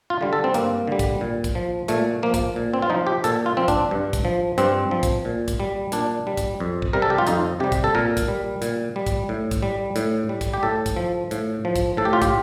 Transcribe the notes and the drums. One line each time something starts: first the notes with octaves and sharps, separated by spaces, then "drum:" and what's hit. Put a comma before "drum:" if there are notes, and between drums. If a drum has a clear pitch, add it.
F4
D3 G3
A4
C4
G2 A#3, drum: hi-hat
D3 G3
drum: kick, hi-hat
A#2
drum: kick, hi-hat
F3
A#2 A3, drum: hi-hat
F3 A#3
drum: kick, hi-hat
A#2
C4
F4
F3 D#4
G4
A#2 A4, drum: hi-hat
F4
F3 C4
D4, drum: kick, hi-hat
G2
drum: kick, hi-hat
F3
G2 C4, drum: hi-hat
F3
drum: kick, hi-hat
A#2
drum: kick, hi-hat
G3
A#2 D4, drum: hi-hat
G3
drum: kick, hi-hat
F2
drum: kick
C3 G3 A#4
A4
G4
F4
F2 D#4, drum: hi-hat
C3 G3 G4
drum: kick, hi-hat
A4
A#2 A#4
drum: kick, hi-hat
G3
A#2, drum: hi-hat
G3
drum: kick, hi-hat
A2
drum: kick, hi-hat
G3
A2, drum: hi-hat
G3
drum: kick, hi-hat
G4
A2 A4
drum: kick, hi-hat
F3
A2, drum: hi-hat
F3
drum: kick, hi-hat
A2 A4
G4
F4
G4, drum: kick, hi-hat